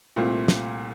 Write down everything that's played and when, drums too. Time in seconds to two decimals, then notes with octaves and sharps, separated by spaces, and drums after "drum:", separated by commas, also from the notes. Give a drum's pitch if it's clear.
0.16 C2 A#2 A3 C4 F4
0.48 drum: snare